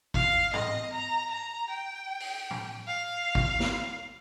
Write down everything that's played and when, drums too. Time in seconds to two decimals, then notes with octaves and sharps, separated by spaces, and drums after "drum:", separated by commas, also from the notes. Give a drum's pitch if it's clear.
0.14 F5, drum: kick G#1
0.53 D#5, drum: tom G#2
0.92 A#5
1.31 A#5
1.70 G5
2.20 drum: open hi-hat
2.50 drum: tom A2
2.87 F5
3.35 drum: kick G#1
3.60 drum: snare